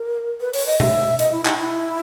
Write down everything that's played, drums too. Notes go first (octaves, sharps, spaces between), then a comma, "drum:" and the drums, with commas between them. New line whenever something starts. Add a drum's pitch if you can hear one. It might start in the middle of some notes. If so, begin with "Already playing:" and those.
Already playing: A#4
B4
C#5, drum: open hi-hat
D#5
E5, drum: tom B2
D#5, drum: hi-hat
E4
D#4, drum: clap
E4